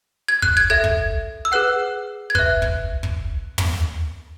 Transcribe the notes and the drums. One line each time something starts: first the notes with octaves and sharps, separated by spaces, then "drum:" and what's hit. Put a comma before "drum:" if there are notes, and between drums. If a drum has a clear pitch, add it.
G#6
F#6, drum: kick
G#6
A4 E5 G#6
drum: kick
E6
G#4 B4 F#5 F#6
G#6
B4 E5 F#6, drum: kick
drum: kick
drum: kick
drum: tom